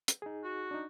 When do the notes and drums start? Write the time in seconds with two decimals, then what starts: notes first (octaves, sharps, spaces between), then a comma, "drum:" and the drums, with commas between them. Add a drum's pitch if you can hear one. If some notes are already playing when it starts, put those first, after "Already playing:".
0.08 drum: hi-hat
0.22 D#4 G#4
0.44 F#4
0.71 D4 D#4